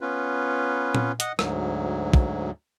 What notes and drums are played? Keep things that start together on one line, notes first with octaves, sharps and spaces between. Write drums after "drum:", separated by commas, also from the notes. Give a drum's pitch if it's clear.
B3 C#4 F4 B4
drum: tom A#2
D#5 F#5, drum: hi-hat
D2 G#2 F#3, drum: rim click
drum: kick